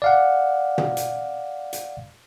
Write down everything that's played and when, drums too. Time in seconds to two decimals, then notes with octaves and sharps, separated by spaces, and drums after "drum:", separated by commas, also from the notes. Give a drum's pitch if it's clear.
0.02 D5 F5 F#5
0.78 drum: tom
0.97 drum: hi-hat
1.73 drum: hi-hat